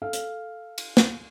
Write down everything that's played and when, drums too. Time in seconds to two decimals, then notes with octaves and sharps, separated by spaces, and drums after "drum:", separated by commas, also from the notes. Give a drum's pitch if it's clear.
0.02 A4 F5
0.13 drum: hi-hat
0.78 drum: cymbal
0.97 drum: snare